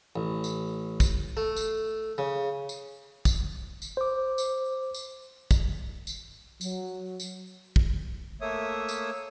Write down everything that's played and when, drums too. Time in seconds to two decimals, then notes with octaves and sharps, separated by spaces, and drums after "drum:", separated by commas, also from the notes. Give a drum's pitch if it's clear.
0.16 A1
0.44 drum: tambourine
1.00 drum: kick, tambourine
1.37 A3
1.56 drum: tambourine
2.18 C#3
2.69 drum: tambourine
3.25 drum: kick, tambourine
3.82 drum: tambourine
3.97 C5 D6
4.38 drum: tambourine
4.94 drum: tambourine
5.51 drum: kick, tambourine
6.07 drum: tambourine
6.61 F#3, drum: tambourine
7.20 drum: tambourine
7.76 drum: kick
8.41 A3 A#3 C#5 E5 D#6
8.89 drum: tambourine